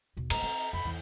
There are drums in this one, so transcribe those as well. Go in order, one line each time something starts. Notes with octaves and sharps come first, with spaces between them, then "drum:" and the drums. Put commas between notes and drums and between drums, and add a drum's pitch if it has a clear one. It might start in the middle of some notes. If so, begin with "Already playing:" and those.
D#2 B2
G2 B3 A#5, drum: cymbal
C4
F2 B5
E2 F4